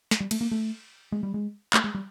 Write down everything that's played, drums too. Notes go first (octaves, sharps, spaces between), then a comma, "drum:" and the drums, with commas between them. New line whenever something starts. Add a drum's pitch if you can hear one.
drum: snare
G3
A3, drum: cymbal
A#3
A3
G#3
G3
G#3
A3, drum: clap
G#3
G3